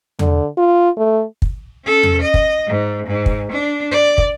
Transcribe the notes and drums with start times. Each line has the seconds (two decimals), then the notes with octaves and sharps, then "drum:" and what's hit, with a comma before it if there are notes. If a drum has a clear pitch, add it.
0.19 D3, drum: tom E2
0.58 F4
0.97 A3
1.42 drum: kick
1.85 C#4 A4
2.03 drum: tom E2
2.22 D#5
2.34 drum: kick
2.67 G#2
3.06 G#2
3.26 drum: kick
3.52 D4
3.91 D5
4.18 drum: kick